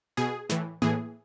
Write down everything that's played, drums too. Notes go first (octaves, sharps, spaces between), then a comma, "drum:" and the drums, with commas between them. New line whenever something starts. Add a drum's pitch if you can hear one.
B2 G#4
A2 E3, drum: snare
A2 E3 G#4, drum: tom A#3